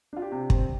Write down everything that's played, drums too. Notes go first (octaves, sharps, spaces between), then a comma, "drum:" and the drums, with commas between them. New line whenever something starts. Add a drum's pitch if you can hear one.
D4 F4
G4
C3
C4, drum: kick